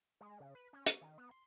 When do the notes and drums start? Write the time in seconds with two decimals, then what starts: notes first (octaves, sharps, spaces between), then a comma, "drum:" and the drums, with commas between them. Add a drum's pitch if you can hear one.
0.21 G#3
0.40 C#3
0.55 B4
0.73 C#4
0.86 C#6, drum: hi-hat
1.01 D#3
1.18 B3
1.31 C6